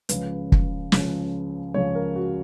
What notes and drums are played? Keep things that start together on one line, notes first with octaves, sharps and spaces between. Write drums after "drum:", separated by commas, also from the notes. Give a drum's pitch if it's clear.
C#2 C#3 F3 B4, drum: hi-hat
drum: kick
C#2 C#3 F3, drum: snare
C#2 C#3 F3 C#5
A#4
F#4